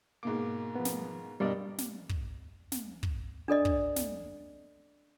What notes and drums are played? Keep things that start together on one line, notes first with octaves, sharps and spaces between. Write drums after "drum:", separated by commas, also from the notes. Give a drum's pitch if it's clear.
G#2 B2 A#3 D6
F3 B3
drum: snare
G2 B2 G3 A#3 D5 D#5
drum: snare
drum: kick
drum: snare
drum: kick
D4 A4 D5 D#5
drum: kick
drum: snare